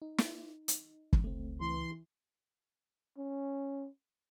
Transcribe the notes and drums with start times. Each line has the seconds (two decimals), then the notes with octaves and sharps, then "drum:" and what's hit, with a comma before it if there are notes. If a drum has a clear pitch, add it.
0.02 D#4
0.18 drum: snare
0.68 drum: hi-hat
1.13 drum: kick F#1
1.24 C#2 A3 C4
1.61 E3 C6
3.18 C#4